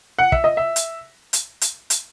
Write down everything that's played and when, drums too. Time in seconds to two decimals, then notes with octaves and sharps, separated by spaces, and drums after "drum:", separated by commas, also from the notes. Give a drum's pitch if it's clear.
0.19 F#5
0.32 E5, drum: kick
0.44 D#5
0.57 E5
0.76 drum: hi-hat
1.33 drum: hi-hat
1.61 drum: hi-hat
1.90 drum: hi-hat